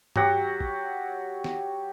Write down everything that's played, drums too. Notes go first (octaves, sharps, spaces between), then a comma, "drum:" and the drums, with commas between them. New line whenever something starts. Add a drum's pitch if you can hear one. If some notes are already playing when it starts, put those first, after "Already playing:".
F#3 F#4 G4 F#5, drum: tom G2
drum: kick
drum: snare